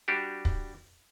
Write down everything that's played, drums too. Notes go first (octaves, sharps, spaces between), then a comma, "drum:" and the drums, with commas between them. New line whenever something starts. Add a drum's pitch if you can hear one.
G3 D4 F#4 G4
drum: kick